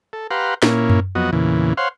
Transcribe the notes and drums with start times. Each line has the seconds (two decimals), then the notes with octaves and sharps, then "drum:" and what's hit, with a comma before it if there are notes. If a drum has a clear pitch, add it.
0.13 A4
0.31 G4 B4 F5 F#5 A#5 C6
0.62 A#2 A#3 C#4 E4, drum: snare
0.90 drum: tom F#2
1.15 F2 F#3 B3 F#4 D#5
1.33 E2 A#2 C#3 E3
1.77 C5 C#5 F5 F#5 C6